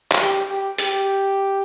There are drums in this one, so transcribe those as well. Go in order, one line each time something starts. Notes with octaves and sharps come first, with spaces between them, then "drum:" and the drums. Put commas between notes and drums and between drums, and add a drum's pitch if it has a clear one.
drum: clap
G4
G4
G4, drum: hi-hat